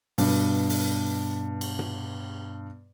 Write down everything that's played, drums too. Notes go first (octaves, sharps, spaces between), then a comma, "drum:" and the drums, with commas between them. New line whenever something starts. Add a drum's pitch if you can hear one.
G2 B2, drum: open hi-hat
drum: open hi-hat
drum: cymbal
drum: tom A#2